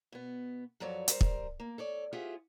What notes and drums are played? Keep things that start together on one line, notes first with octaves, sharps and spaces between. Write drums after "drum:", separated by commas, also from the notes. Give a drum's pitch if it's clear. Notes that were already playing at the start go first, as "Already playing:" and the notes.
B2 B3
F#2 F3 F#3 A4 C#5 D5
G3 A#4 C5, drum: hi-hat
drum: kick
A#3
A4 C#5 D5
F4 G4 G#4 C5 E5 F#5